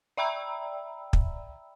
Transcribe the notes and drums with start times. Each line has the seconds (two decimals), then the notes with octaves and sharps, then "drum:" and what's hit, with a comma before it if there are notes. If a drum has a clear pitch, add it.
0.17 D5 E5 G5 A#5 B5 E6
1.13 drum: kick